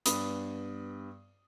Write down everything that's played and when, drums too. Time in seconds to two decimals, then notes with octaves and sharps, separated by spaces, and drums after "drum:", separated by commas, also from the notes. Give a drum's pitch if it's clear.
0.06 G2 B3 B5 D#6, drum: hi-hat